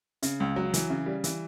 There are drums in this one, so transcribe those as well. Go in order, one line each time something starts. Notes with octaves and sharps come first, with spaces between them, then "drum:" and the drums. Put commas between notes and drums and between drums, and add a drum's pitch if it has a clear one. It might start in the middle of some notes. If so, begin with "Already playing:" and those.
C#3, drum: hi-hat
C#2
F#3
E3, drum: hi-hat
C#3
G3
E3, drum: hi-hat